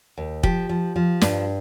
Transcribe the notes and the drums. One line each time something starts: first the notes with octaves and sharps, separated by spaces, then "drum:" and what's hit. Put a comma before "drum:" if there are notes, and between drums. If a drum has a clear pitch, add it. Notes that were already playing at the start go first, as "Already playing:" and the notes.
D#2
F3 G4, drum: kick
F3
F3
G2, drum: snare